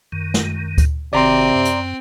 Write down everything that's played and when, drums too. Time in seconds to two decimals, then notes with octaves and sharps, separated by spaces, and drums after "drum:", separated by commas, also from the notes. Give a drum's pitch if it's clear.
0.12 F#2 D#3
0.34 drum: snare
0.78 drum: kick D2, hi-hat
1.13 F#1 C3 D#3 C4 F#4 D5 A#5 C6
1.55 F#2
1.65 drum: hi-hat